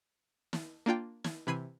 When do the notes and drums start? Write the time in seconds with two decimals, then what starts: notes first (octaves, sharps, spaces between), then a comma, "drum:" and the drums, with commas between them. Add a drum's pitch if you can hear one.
0.53 drum: snare
0.86 A#3 D4 F4 G5
1.24 G#6, drum: snare
1.47 C3 E3 B5 G#6 C7 D#7